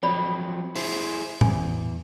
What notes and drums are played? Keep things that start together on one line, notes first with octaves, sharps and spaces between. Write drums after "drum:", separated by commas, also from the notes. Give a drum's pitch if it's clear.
F3 F#3 C4 C#5 D5 B5
E4 G#4 C5, drum: open hi-hat
E2 G#5, drum: tom A2